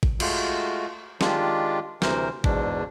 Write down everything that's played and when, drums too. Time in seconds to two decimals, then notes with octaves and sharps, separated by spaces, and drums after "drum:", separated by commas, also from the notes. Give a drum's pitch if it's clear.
0.03 drum: kick A1
0.20 G#3 A3 F4 F#4, drum: cymbal
1.21 D#3 G#3 D4 F4 G4, drum: snare
2.02 D2 C3 E3 A#4 C5, drum: snare
2.44 E2 G#2 B2 D4, drum: kick A1